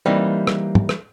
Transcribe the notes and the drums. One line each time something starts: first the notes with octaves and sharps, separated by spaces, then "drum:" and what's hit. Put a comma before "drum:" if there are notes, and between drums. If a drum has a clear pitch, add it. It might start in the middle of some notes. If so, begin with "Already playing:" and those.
E3 G3 A#3 C4 D#4
drum: rim click
drum: tom
drum: rim click